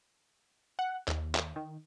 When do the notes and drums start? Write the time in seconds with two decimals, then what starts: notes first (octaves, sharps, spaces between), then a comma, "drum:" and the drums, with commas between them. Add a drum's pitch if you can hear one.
0.79 F#5
1.08 D#2, drum: clap
1.35 drum: clap
1.56 D#3